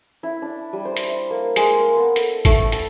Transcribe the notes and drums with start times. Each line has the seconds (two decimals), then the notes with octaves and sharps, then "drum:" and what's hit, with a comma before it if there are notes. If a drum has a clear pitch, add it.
0.23 E4
0.42 D4
0.73 G3
0.85 C5
0.97 drum: hi-hat
1.08 E5
1.31 A#3
1.56 G#3, drum: hi-hat
1.80 A#4
1.97 B3
2.16 A4, drum: hi-hat
2.45 A3, drum: kick, hi-hat
2.72 A5, drum: hi-hat